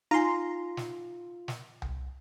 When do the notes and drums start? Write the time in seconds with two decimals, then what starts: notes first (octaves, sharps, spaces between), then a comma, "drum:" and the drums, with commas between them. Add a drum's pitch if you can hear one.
0.11 D#4 F4 G#5 A#5 C6
0.77 drum: snare
1.48 drum: snare
1.82 drum: tom C2